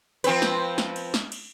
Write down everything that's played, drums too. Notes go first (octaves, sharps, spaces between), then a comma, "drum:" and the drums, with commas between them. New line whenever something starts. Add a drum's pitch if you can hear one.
F3 C4 B4, drum: cymbal
drum: snare
drum: snare
drum: cymbal
drum: snare
drum: cymbal